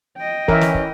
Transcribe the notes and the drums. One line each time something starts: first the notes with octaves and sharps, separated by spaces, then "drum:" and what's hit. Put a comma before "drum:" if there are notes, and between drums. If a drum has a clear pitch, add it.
D#5 G5
E3 C#4 A#4 E5, drum: kick
drum: snare
drum: kick